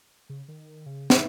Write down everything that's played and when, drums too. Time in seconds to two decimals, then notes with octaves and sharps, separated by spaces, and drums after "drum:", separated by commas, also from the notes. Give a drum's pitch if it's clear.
0.29 C#3
0.48 D#3
0.86 C#3
1.10 D#4 E4 B4 E5, drum: snare